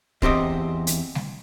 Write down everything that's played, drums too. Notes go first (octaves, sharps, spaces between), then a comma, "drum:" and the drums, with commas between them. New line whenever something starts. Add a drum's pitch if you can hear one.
E2 C4 G4 D#5, drum: kick
drum: hi-hat
drum: snare G3